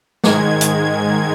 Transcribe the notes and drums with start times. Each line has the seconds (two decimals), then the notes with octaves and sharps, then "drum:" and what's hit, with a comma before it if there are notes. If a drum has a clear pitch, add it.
0.24 G#2 D#3 G#3 G#6, drum: snare
0.61 drum: hi-hat